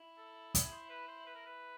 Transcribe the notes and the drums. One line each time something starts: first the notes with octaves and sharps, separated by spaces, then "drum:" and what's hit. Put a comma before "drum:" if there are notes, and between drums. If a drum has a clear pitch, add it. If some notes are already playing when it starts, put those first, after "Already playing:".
Already playing: E4
A4
G#4, drum: kick, hi-hat
C5
B4
C5
B4
A#4
B4